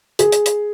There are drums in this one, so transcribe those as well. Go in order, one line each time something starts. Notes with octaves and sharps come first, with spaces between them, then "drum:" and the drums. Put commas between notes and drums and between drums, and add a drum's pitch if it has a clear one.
G#4, drum: hi-hat
drum: hi-hat
drum: hi-hat